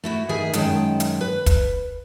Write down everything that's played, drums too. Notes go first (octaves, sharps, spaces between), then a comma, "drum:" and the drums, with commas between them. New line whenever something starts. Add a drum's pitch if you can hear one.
A3 E4 F#4
D#3 G#4 E5 G#5
F#2 D#3 G#3 G5 A5, drum: hi-hat
drum: hi-hat
B4
drum: kick, hi-hat